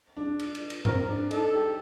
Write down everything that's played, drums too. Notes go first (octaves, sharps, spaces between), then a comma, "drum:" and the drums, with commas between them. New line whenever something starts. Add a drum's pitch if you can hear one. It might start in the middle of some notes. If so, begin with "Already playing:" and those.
D4
drum: cymbal
drum: cymbal
drum: cymbal
C4 A#4, drum: tom G#2
D4
D#4 A4, drum: cymbal
G4